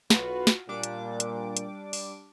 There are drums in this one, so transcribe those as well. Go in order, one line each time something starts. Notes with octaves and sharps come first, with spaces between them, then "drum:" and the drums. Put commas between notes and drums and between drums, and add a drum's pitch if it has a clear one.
B1 F4 F#4 B4, drum: snare
drum: snare
A#2 G3 D4 D6
drum: hi-hat
drum: hi-hat
drum: hi-hat
drum: open hi-hat